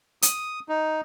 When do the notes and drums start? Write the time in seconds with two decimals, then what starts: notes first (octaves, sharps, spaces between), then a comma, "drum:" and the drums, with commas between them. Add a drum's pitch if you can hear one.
0.22 D#6, drum: hi-hat
0.69 D#4